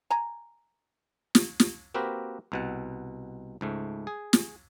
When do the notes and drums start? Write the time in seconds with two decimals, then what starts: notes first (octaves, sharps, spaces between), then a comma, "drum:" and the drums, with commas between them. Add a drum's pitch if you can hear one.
0.10 G#5 A#5
1.35 drum: snare
1.60 drum: snare
1.94 A#3 C4 F#4 G4 A#4 B4
2.52 C2 B2 F#5
3.61 C#2 G#2 A3
4.07 G#4
4.33 drum: snare